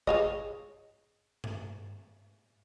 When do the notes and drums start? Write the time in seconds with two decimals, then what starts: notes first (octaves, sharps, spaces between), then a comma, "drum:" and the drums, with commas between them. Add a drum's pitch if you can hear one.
0.07 G#4 C#5 D#5, drum: kick
1.44 drum: tom G2